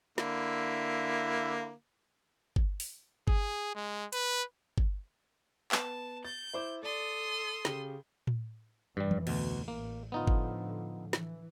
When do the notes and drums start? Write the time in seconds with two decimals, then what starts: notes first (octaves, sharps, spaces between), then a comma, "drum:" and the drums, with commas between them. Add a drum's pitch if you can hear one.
0.18 D3 A#3 E4, drum: snare
2.56 drum: kick G1
2.80 drum: open hi-hat
3.28 G#4, drum: kick G1
3.75 G#3
4.13 B4, drum: hi-hat
4.78 drum: kick G1
5.72 B3 A5, drum: clap
6.25 G6 A6
6.53 E4 C5 D6
6.83 A4 D5 C6 D#6
7.65 C#3 G4 G7, drum: snare
8.27 drum: tom A2
8.97 F1 G2 E3 G3
9.11 drum: tom E3
9.27 D2 B2, drum: cymbal
9.68 A1 A#3
10.12 A2 D3 F3 B3 D#4 F4
10.27 drum: kick G1
11.13 E3, drum: snare